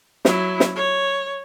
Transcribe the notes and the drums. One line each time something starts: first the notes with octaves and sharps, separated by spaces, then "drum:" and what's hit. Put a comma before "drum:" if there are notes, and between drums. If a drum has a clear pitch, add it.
F#3 E4, drum: snare
drum: snare
C#5